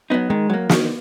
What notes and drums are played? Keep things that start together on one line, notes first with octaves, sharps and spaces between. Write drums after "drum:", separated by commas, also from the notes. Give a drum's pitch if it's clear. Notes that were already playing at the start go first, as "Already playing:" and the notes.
F#3 B3 D#4
D#3 G#3
F#3 A#3
D#3, drum: snare